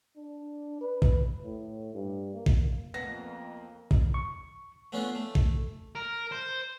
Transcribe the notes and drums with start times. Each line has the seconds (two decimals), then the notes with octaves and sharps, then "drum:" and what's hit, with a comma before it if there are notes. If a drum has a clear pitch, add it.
0.16 D4
0.81 B4
1.02 drum: kick
1.44 A2
1.94 G2
2.33 A#3
2.46 drum: kick
2.94 F2 A#3 B3 A#6
3.91 drum: kick
4.14 C#6
4.92 A3 B3 C#4 D4 F4
5.15 A3
5.35 drum: kick
5.95 A#4
6.32 C5